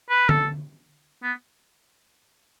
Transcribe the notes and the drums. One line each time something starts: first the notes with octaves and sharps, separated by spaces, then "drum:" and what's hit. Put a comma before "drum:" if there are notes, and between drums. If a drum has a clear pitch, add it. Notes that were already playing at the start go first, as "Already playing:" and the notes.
B4
A4, drum: tom
B3